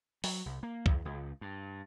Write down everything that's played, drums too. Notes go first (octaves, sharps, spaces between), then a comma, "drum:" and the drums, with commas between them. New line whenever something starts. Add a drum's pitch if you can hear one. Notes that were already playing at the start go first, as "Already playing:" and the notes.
F#3, drum: open hi-hat
C2
A#3
E2, drum: kick
C#2
G2